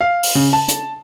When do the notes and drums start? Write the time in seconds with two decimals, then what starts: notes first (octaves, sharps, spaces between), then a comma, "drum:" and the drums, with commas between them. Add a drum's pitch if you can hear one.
0.01 F5
0.23 drum: open hi-hat
0.35 C#3
0.53 A5
0.68 drum: hi-hat